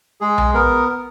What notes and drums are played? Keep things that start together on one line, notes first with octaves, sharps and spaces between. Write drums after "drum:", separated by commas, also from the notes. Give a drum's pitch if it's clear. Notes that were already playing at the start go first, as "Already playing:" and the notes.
G#3 G#4
drum: tom B1
B3 A#4